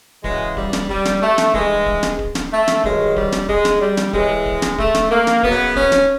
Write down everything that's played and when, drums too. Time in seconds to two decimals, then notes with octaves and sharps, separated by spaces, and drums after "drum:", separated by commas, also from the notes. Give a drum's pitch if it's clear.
0.24 F#2 C#3 E3 G#3, drum: kick D1
0.57 G3, drum: kick D1
0.73 drum: snare
0.89 G3, drum: kick D1
1.05 drum: snare
1.22 A3
1.38 drum: snare
1.54 G2 E3 G#3, drum: kick D1
1.86 drum: kick D1
2.03 drum: snare
2.19 drum: kick D1
2.35 drum: snare
2.52 A3
2.68 drum: snare
2.84 G2 D#3 F#3 G#3, drum: kick D1
3.16 G3, drum: kick D1
3.32 drum: snare
3.49 G#3, drum: kick D1
3.65 drum: snare
3.81 G3
3.97 drum: snare
4.13 A2 E3 G#3, drum: kick D1
4.46 drum: kick D1
4.62 drum: snare
4.78 A3, drum: kick D1
4.95 drum: snare
5.11 A#3
5.27 drum: snare
5.43 F#2 C#3 F#3 B3, drum: kick D1
5.76 C#4, drum: kick D1
5.92 drum: snare